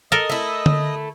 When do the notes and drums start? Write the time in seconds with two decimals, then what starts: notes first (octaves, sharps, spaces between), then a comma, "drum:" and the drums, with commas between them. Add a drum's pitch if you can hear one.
0.12 A4 A#4 D#5 D#6
0.30 A3 E4
0.66 drum: tom D3